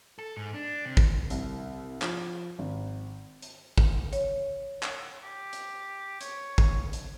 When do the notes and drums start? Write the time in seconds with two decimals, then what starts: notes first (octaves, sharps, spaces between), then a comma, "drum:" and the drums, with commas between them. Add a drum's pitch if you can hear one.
0.19 A4
0.37 G#2
0.54 D4
0.85 C3
0.97 drum: kick
1.30 C2, drum: hi-hat
2.02 F3, drum: clap
2.59 G#1
3.42 drum: hi-hat
3.78 drum: kick
4.13 C#5, drum: hi-hat
4.83 drum: clap
5.23 G4
5.53 drum: hi-hat
6.21 C#5, drum: hi-hat
6.58 drum: kick
6.93 drum: hi-hat